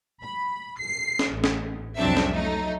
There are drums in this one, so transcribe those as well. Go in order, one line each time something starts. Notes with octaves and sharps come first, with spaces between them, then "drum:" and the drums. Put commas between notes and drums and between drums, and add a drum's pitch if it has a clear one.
B5
C7
drum: snare
A1
drum: snare
C2 F2 F#3 C4 D4 E5
drum: snare
F#3 A3 D#4